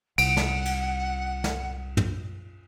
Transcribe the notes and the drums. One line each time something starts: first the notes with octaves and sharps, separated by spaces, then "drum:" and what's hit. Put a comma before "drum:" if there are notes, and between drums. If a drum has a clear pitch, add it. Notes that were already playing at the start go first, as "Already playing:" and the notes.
C2 F#5 D7, drum: cymbal
drum: snare
drum: cymbal
drum: snare
drum: tom